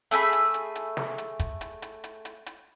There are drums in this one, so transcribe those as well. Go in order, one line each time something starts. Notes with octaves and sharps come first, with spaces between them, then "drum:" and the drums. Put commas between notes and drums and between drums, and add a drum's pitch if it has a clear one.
A3 G#4 E5 B5, drum: hi-hat
drum: hi-hat
drum: hi-hat
drum: hi-hat
drum: snare
drum: hi-hat
drum: kick, hi-hat
drum: hi-hat
drum: hi-hat
drum: hi-hat
drum: hi-hat
drum: hi-hat